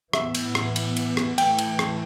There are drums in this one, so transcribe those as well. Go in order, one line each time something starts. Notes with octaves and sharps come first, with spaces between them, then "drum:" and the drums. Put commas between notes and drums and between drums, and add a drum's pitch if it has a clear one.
A2 E3 B3 E5, drum: rim click
drum: cymbal
drum: rim click
drum: cymbal
drum: cymbal
drum: rim click
A2 E3 A3 G5, drum: cymbal
drum: cymbal
drum: rim click